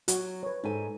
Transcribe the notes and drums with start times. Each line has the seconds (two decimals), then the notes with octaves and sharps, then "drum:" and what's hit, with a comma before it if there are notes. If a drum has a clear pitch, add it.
0.08 F#3 F#4, drum: hi-hat
0.43 B4 C#5
0.64 G#2 D#4 A4 G#5